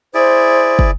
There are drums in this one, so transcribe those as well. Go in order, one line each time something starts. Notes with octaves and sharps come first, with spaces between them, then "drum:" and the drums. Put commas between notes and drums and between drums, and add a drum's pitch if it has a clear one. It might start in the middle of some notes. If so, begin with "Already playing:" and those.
E4 G#4 C5 D5
drum: kick